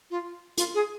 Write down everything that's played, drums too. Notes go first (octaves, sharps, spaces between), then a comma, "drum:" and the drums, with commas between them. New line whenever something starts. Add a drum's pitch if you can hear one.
F4
F4, drum: hi-hat
G#4